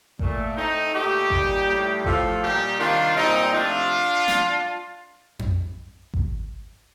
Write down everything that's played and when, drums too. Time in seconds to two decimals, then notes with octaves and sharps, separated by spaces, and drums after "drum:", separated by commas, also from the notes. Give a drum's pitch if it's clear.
0.19 A#2 A3, drum: kick G#1
0.56 A2 A3 C4 D#4
0.94 A#2 A3 D#4 G4
1.30 A#2 G3, drum: kick G#1
1.68 A2 G3
2.05 A2 F3 A3 F4 A4, drum: kick G#1
2.42 A#2 G3 D#4 G4
2.79 C3 D#3 G3 D4 F4
3.16 A#2 G3 C4 D#4
3.53 C3 F3 A3 D4 F4
4.28 drum: snare
5.39 drum: tom F2
6.14 drum: kick G#1